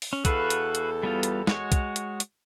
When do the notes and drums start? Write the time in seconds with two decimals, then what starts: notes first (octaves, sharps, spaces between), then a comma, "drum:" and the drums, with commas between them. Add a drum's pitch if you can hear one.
0.02 drum: open hi-hat
0.13 C#4
0.25 E2 F#4 A4 B4 F5, drum: kick, hi-hat
0.50 drum: hi-hat
0.75 drum: hi-hat
1.03 G3 B3 F4
1.23 drum: hi-hat
1.47 G#3 F#4 C#5, drum: snare
1.72 drum: kick, hi-hat
1.96 drum: hi-hat
2.20 drum: hi-hat